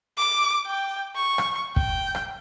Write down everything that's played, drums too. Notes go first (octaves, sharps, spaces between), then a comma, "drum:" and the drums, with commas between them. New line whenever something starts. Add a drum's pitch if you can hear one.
D6
G5
C#6
drum: rim click
G5, drum: kick
drum: rim click